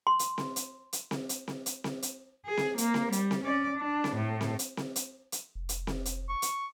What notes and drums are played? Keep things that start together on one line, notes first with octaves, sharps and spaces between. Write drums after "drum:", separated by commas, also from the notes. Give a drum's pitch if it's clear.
C6
drum: hi-hat
drum: snare C4
drum: hi-hat
drum: hi-hat
drum: snare C4
drum: hi-hat
drum: snare C4
drum: hi-hat
drum: snare C4
drum: hi-hat
G#4
drum: snare C4
A#3, drum: hi-hat
drum: snare C4
G3, drum: hi-hat
drum: snare C4
C#4 D5
D4
drum: snare C4
A2
drum: snare C4
drum: hi-hat
drum: snare C4
drum: hi-hat
drum: hi-hat
F1
drum: hi-hat
drum: snare C4
drum: hi-hat
C#6
drum: hi-hat